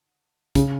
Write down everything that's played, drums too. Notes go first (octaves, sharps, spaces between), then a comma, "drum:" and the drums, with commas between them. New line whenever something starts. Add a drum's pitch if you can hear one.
C#3, drum: kick, hi-hat